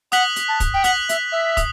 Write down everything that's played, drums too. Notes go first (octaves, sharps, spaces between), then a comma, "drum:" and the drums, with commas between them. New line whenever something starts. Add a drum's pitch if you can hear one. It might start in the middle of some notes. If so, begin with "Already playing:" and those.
F#5 D#6 F#6 B6 F#7, drum: hi-hat
drum: hi-hat
A5
drum: kick, hi-hat
G5
F#5 D#6 F#6 B6 F#7, drum: hi-hat
E5, drum: hi-hat
E5
D#6, drum: kick, hi-hat